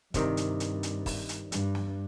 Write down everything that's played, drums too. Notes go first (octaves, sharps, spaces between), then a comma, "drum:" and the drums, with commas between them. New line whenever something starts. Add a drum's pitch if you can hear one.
C2 G2 C3 D#3, drum: kick, hi-hat
drum: hi-hat
drum: hi-hat
drum: hi-hat
drum: kick, open hi-hat
drum: hi-hat
G2, drum: hi-hat
drum: snare